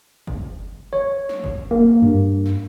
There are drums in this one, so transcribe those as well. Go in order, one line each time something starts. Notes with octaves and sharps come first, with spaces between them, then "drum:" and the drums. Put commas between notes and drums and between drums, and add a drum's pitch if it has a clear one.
drum: kick F#1
C#5
drum: snare
drum: kick F#1
A#3
G2
drum: snare